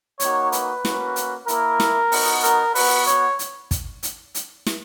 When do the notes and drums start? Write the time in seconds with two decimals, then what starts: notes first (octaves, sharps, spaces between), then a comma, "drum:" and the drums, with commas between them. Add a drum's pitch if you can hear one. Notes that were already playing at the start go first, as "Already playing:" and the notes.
0.20 A#3 D#4 F#4 C#5, drum: hi-hat
0.52 B4, drum: hi-hat
0.85 A#3 C#4 F#4, drum: snare
1.16 drum: hi-hat
1.48 A#3 E4 A#4, drum: hi-hat
1.80 drum: snare
2.12 B3 D#4 F#4, drum: open hi-hat
2.44 A#4, drum: hi-hat
2.75 B3 F#4 B4, drum: open hi-hat
3.07 C#5, drum: hi-hat
3.39 drum: hi-hat
3.71 drum: kick, hi-hat
4.03 drum: hi-hat
4.35 drum: hi-hat
4.66 drum: snare